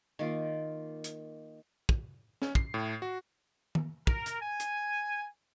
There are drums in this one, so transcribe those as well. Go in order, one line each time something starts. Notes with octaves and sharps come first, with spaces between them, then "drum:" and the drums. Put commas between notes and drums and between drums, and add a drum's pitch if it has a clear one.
D#3 A#3 F4
drum: hi-hat
drum: kick
C#4, drum: snare
C7, drum: kick
A2
F#4
drum: tom
A#4, drum: kick
drum: hi-hat
G#5
drum: hi-hat